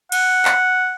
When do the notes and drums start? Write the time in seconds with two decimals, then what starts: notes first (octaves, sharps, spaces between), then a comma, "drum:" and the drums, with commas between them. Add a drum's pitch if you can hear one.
0.12 F#5, drum: cymbal
0.45 drum: clap